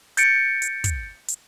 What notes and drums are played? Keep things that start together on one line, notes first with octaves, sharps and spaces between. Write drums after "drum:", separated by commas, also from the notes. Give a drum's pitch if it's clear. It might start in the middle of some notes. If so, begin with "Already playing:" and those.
G6 A6 C#7 D7, drum: hi-hat
drum: hi-hat
drum: kick, hi-hat
drum: hi-hat